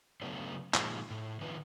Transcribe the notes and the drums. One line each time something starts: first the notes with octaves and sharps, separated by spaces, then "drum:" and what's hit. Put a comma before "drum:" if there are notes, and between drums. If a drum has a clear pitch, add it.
C#3 F#3 A3 B3 D4
A#2 D#3 F3 G#3, drum: clap
A2
D#3 F3 B3 D4 B4